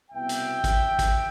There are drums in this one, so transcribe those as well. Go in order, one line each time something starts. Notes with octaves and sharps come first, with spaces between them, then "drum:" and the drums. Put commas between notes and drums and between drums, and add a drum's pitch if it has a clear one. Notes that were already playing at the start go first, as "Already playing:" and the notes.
C2 B2 B3 E5 G5
drum: hi-hat
drum: kick G#1, hi-hat
drum: kick G#1, hi-hat